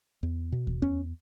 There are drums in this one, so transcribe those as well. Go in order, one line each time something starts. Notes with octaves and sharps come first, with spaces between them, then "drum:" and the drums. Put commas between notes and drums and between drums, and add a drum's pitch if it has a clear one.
E2
B2
drum: kick D#2
E2 C#4